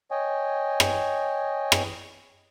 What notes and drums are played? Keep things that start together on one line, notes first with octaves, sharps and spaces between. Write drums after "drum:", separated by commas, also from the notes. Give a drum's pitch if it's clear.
C#5 D#5 G5 G#5
drum: rim click
drum: rim click